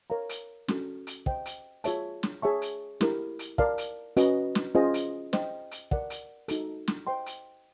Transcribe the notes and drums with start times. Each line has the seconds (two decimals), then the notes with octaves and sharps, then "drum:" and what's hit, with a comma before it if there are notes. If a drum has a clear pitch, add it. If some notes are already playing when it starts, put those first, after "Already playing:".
0.10 A#4 C#5 F5 A#5
0.29 drum: hi-hat
0.68 C#4 F#4 A4, drum: snare
1.07 drum: hi-hat
1.26 C5 D#5 G5, drum: kick
1.46 drum: hi-hat
1.84 F4 G#4 C#5 E5 A5, drum: hi-hat
2.23 drum: snare
2.42 G#4 C#5 E5 A5 C#6
2.62 drum: hi-hat
3.01 E4 G4 A#4, drum: snare
3.39 drum: hi-hat
3.58 A#4 D5 F5 A5, drum: kick
3.78 drum: hi-hat
4.17 C#4 F#4 B4 D#5, drum: hi-hat
4.55 drum: snare
4.75 C#4 F4 G#4 C5 D#5
4.94 drum: hi-hat
5.33 C5 D#5 G5, drum: snare
5.71 drum: hi-hat
5.91 A#4 D5 F#5, drum: kick
6.10 drum: hi-hat
6.48 D#4 F#4 A4, drum: hi-hat
6.88 drum: snare
7.07 C5 D#5 G5 C6
7.26 drum: hi-hat